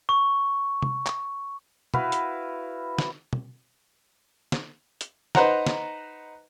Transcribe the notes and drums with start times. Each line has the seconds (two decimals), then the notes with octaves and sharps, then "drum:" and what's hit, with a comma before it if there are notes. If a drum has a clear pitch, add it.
0.09 C#6
0.82 drum: tom C3
1.07 drum: clap
1.94 E4 F#4 B4 F5, drum: tom
2.12 drum: hi-hat
2.98 drum: snare
3.33 drum: tom
4.52 drum: snare
5.01 drum: hi-hat
5.35 D#4 B4 C5 F#5 A#5, drum: snare
5.66 drum: snare